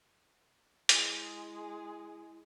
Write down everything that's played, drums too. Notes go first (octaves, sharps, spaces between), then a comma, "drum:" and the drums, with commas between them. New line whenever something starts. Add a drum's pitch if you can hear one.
G#3 E4 G#4, drum: hi-hat